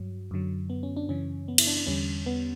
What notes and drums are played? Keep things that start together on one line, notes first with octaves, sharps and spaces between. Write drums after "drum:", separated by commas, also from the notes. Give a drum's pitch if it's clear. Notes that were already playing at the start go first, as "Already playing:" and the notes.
Already playing: G2 F#3
F#2 D3 F#3
B3
C#4
D4
F#2 C#3 E3 C#4
B3
E4, drum: cymbal
D4
D4
E2 D3 G3 C#4
B3